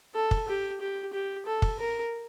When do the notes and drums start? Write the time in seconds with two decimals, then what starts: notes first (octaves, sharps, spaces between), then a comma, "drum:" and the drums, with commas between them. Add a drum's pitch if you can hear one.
0.15 A4
0.31 drum: kick
0.48 G4
0.80 G4
1.13 G4
1.46 A4
1.62 drum: kick
1.79 A#4